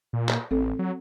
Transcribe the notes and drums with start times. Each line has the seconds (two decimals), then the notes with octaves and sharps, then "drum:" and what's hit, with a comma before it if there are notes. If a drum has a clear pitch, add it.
0.13 A#2
0.29 drum: clap
0.51 A1 C4 A4
0.79 F#3